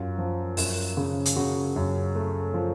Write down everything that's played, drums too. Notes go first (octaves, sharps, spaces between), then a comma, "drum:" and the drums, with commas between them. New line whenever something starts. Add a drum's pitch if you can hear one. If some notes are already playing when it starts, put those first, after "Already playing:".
Already playing: F#2 F4
F3
F#2, drum: open hi-hat
C#3
drum: hi-hat
C#3 F#4
F#2
A3
F3